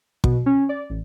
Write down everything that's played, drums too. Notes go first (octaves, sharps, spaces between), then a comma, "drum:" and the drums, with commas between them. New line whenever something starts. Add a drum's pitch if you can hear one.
B2, drum: kick
C#4
D5
A1